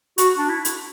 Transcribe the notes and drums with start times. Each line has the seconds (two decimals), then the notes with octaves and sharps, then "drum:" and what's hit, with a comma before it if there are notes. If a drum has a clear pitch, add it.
0.18 F#4, drum: hi-hat
0.37 D4
0.49 E4
0.65 drum: hi-hat